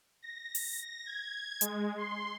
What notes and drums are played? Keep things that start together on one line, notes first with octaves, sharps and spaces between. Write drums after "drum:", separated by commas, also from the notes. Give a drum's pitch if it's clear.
A#6
drum: open hi-hat
G#6
G#3, drum: hi-hat
C6